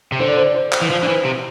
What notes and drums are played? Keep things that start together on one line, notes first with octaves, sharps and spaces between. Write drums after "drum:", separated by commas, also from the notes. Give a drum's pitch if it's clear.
C3
D3 C5
D5
C5
D5
C5
drum: clap
E3
F3 C5
D3
E3
C3